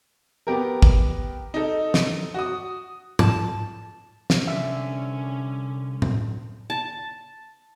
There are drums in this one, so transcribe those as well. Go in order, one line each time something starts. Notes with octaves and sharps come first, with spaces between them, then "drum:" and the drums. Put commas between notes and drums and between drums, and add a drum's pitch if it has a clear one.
B3 G4 A#4
drum: kick
D#4 A4
drum: snare
F#4 D#6
A5, drum: tom G#2
drum: snare
C2 D3 C#4 E5
drum: tom A2
A5